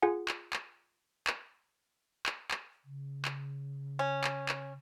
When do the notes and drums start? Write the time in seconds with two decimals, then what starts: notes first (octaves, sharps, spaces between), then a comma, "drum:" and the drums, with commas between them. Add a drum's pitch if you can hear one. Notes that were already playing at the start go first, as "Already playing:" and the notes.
0.02 F4 G#4 F#5 G#5
0.28 drum: clap
0.53 drum: clap
1.27 drum: clap
2.26 drum: clap
2.51 drum: clap
2.85 C#3
3.25 drum: clap
3.99 C#4
4.24 drum: clap
4.49 drum: clap